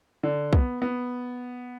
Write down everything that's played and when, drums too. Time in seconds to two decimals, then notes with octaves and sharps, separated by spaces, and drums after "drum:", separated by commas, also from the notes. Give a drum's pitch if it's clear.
0.23 D3
0.53 B3, drum: kick
0.82 B3